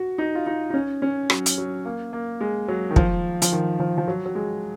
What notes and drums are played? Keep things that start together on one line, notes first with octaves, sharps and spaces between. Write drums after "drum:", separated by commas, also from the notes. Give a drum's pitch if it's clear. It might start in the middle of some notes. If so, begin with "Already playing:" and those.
Already playing: F#4
D#4
F4
D#4
D#4
C#4
C#4
F#3, drum: rim click
drum: hi-hat
F#3
A#3
A#3
G#3
F#3
D#3
F3, drum: kick
F3, drum: hi-hat
D#3
F3
F3
F#3
F#3
G#3